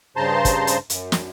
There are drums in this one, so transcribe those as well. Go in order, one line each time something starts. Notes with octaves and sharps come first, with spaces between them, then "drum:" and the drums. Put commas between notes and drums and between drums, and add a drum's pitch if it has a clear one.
G2 C#3 C5 A5 A#5 C6
drum: kick, hi-hat
drum: hi-hat
F#2, drum: hi-hat
drum: snare